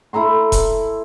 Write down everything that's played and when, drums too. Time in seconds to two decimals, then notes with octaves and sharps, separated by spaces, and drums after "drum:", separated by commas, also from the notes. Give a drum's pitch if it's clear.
0.13 E4 A4 A#5 C6
0.52 drum: kick E1, hi-hat